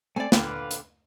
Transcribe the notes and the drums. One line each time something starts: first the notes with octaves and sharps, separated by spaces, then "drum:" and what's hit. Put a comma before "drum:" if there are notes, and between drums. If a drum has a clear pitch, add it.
A3 C4 D5 G#5
A#2 D3 B4 F5 G5, drum: snare
drum: hi-hat